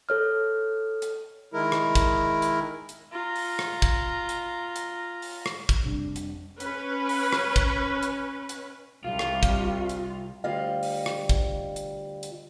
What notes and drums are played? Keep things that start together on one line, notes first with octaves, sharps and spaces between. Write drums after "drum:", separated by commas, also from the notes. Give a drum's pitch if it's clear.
A4 C#5 F6
drum: hi-hat
D#3 G#3 E4 A#4
drum: rim click
drum: kick, hi-hat
drum: hi-hat
drum: hi-hat
F4 A#5
drum: open hi-hat
drum: rim click
drum: kick, hi-hat
drum: hi-hat
drum: hi-hat
drum: open hi-hat
drum: rim click
drum: kick, hi-hat
F1 C3 G3 D4
drum: hi-hat
C#4 B4, drum: hi-hat
drum: open hi-hat
drum: rim click
drum: kick, hi-hat
drum: hi-hat
drum: hi-hat
C2 F4
drum: rim click
drum: kick, hi-hat
drum: hi-hat
D2 G3 F4 D#5 F5
drum: open hi-hat
drum: rim click
drum: kick, hi-hat
drum: hi-hat
drum: hi-hat